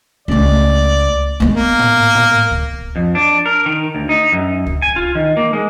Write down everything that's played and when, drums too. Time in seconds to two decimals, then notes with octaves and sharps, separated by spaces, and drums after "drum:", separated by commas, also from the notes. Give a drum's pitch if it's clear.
0.28 C#2 A3 D5
1.40 G#3 B3
1.55 A#3
1.79 drum: tom A2
2.15 drum: tom A2
2.51 drum: kick C#2
2.96 F2
3.15 D4
3.46 A#4
3.66 D#3
3.95 D2
4.09 D#4
4.33 F#2
4.66 drum: kick C#2
4.82 G#5
4.96 F4
5.15 D#3
5.37 A#3
5.53 G#3